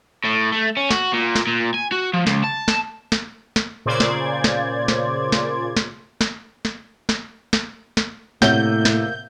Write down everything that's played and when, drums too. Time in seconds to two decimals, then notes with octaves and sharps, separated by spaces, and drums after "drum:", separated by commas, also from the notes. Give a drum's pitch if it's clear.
0.24 A2
0.52 A3
0.77 C#4
0.91 F#4, drum: snare
1.13 A#2
1.35 drum: snare
1.47 A#2
1.74 G#5
1.92 F#4
2.14 F3
2.27 C#2, drum: snare
2.44 A5
2.68 drum: snare
3.12 drum: snare
3.56 drum: snare
3.86 A#2 C#3 C5 D5 G#6
4.00 drum: snare
4.44 drum: snare
4.88 drum: snare
5.32 drum: snare
5.77 drum: snare
6.21 drum: snare
6.65 drum: snare
7.09 drum: snare
7.53 drum: snare
7.97 drum: snare
8.42 A2 C3 A#3 C#5 F#5 G6, drum: snare
8.85 drum: snare